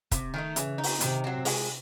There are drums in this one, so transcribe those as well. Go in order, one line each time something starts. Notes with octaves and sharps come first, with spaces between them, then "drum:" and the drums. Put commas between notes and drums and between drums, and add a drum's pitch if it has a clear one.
C3, drum: kick, hi-hat
D#3 A3 D#4
C#3 E3, drum: hi-hat
D#4
C4, drum: open hi-hat
C3 D#3, drum: hi-hat
F#3 C4
G#3, drum: open hi-hat